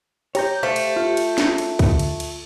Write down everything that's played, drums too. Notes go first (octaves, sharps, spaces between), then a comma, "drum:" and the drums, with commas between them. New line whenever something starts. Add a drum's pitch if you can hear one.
G4 C#5 A#5 G6, drum: cymbal
A3 C5 F5
drum: cymbal
F4
drum: cymbal
drum: snare
drum: cymbal
D2, drum: kick, cymbal
drum: cymbal
drum: cymbal